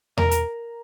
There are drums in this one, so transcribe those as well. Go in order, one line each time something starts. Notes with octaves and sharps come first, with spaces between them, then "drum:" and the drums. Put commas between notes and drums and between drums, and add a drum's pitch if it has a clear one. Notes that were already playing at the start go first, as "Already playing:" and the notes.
A#4, drum: tom E2
drum: hi-hat